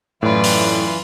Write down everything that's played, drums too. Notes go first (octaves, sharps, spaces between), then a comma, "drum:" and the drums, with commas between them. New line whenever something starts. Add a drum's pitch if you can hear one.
F#2 A2 E3 F4 B4 D5
drum: open hi-hat